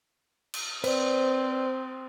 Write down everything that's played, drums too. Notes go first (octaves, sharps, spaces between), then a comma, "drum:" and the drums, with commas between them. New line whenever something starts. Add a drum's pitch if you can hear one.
drum: cymbal
C4 B4 C5 D5, drum: cymbal